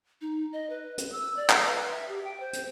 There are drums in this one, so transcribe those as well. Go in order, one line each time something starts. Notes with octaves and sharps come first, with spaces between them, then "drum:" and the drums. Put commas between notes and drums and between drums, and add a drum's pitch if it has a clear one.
D#4
D#5
B4
drum: hi-hat
E6
D5
F5, drum: clap
B4
E5
G4
G5
C5
drum: hi-hat